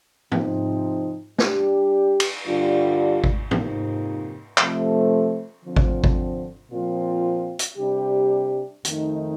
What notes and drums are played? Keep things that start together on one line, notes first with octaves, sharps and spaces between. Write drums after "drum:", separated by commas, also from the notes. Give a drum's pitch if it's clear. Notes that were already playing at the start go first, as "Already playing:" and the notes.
C3 F3 C4 D#4, drum: tom
G3 D4 G4, drum: snare
drum: cymbal
G2 D3 G3 D4 F4
drum: kick G#1
F2 C3 F3 A#3 D#4, drum: tom
C3 F3 A3 C4, drum: clap
D3 F3 C4
drum: kick G#1
drum: kick G#1
A#2 F3 C4 F4
drum: hi-hat
C3 G3 D4 G4
F2 D#3 A3 D#4, drum: hi-hat